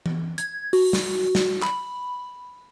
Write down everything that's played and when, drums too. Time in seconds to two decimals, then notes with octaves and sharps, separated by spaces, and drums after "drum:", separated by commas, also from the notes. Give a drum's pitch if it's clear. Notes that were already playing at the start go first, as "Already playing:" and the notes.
0.06 drum: tom E3
0.38 G#6, drum: hi-hat
0.73 F#4, drum: open hi-hat
0.93 drum: snare
1.35 drum: snare
1.63 B5, drum: clap